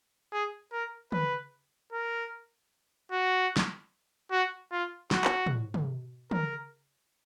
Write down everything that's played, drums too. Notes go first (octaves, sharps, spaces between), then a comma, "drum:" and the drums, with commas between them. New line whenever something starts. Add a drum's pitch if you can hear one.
G#4
A#4
B4, drum: tom
A#4
F#4
drum: snare
F#4
F4
F#4, drum: snare
drum: clap
drum: tom
drum: tom
A#4, drum: tom